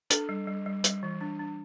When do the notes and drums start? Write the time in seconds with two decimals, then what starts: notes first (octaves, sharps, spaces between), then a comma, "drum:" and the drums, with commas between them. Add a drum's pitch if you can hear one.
0.10 D4 A4, drum: hi-hat
0.29 G3
0.47 G3
0.66 G3
0.84 G3, drum: hi-hat
1.03 E3
1.21 D4
1.39 D4